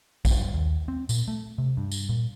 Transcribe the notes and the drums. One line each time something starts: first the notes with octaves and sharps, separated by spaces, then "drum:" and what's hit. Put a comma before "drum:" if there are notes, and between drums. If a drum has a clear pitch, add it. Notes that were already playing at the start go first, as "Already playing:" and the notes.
G2, drum: kick A#1, tambourine
D#2
C4
A#2, drum: tambourine
A3
C3
G2
drum: tambourine
A#2